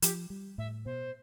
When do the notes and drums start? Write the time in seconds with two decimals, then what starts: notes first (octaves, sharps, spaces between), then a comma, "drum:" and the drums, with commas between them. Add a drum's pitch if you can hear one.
0.02 F3 G4, drum: hi-hat
0.30 G3
0.58 A2 E5
0.85 B2 C5